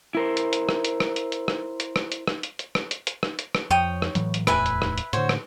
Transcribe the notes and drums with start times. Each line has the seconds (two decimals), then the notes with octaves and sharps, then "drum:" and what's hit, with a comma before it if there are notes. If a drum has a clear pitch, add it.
0.15 E4 A#4 C5
0.37 drum: hi-hat
0.53 drum: hi-hat
0.69 drum: rim click
0.85 drum: hi-hat
1.00 drum: rim click
1.16 drum: hi-hat
1.32 drum: hi-hat
1.48 drum: rim click
1.80 drum: hi-hat
1.96 drum: rim click
2.12 drum: hi-hat
2.27 drum: rim click
2.43 drum: hi-hat
2.59 drum: hi-hat
2.75 drum: rim click
2.91 drum: hi-hat
3.07 drum: hi-hat
3.23 drum: rim click
3.39 drum: hi-hat
3.55 drum: rim click
3.70 F2 C#5 G5 D#6
4.02 drum: rim click
4.15 A2 E3 F#3, drum: hi-hat
4.34 drum: hi-hat
4.47 D1 E2 A2 B4 E5 G#5, drum: rim click
4.66 drum: hi-hat
4.82 drum: rim click
4.98 drum: hi-hat
5.13 A2 D3 F#4 C5 C#5, drum: hi-hat
5.29 drum: rim click